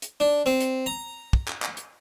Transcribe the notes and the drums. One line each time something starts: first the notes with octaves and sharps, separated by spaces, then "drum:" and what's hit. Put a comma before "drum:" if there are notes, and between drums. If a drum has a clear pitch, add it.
drum: hi-hat
D4
C4
drum: hi-hat
A#5
drum: kick
drum: clap
drum: clap
drum: hi-hat